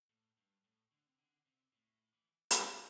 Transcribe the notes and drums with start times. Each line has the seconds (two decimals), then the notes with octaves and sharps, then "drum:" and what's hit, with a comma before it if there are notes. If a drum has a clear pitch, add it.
0.10 A2
0.37 G2
0.64 A2
0.91 D3
1.07 C3
1.18 D3
1.46 C3
1.72 A2
2.13 E3
2.51 drum: hi-hat